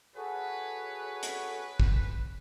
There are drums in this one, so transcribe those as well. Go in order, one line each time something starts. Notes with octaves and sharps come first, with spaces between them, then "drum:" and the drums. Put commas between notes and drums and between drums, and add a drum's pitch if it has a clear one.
F#4 G#4 A4 B4 C#5
drum: hi-hat
drum: kick